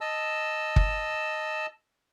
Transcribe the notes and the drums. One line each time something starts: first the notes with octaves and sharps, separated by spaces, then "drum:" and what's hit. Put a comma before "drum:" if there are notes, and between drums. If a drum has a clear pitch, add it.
D#5 A5 E6
drum: kick